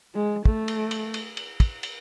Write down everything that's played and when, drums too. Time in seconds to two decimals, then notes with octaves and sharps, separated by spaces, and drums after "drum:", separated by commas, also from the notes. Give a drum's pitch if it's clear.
0.15 G#3
0.45 A3, drum: kick
0.68 drum: cymbal
0.91 drum: cymbal
1.14 drum: cymbal
1.37 drum: cymbal
1.60 drum: kick, cymbal
1.83 drum: cymbal